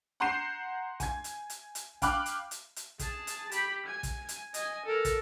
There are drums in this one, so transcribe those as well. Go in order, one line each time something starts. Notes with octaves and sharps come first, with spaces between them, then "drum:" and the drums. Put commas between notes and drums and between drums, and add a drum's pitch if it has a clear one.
F#5 A#5 C6 G6 C7 E7
G#5 G#6, drum: kick, hi-hat
drum: hi-hat
drum: hi-hat
drum: hi-hat
F5 G5 B5 D6 F6 F#6, drum: kick, hi-hat
drum: hi-hat
drum: hi-hat
drum: hi-hat
G#4 A5, drum: kick, hi-hat
drum: hi-hat
G4 B5, drum: hi-hat
G#5 G#6
drum: kick, hi-hat
drum: hi-hat
D#5 G#5, drum: hi-hat
A4 A#4
drum: kick, hi-hat